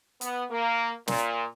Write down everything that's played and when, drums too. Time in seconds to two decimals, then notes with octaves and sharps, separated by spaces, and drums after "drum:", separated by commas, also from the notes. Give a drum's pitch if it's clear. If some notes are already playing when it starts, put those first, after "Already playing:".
0.21 B3, drum: hi-hat
0.50 A#3
1.07 A#2, drum: snare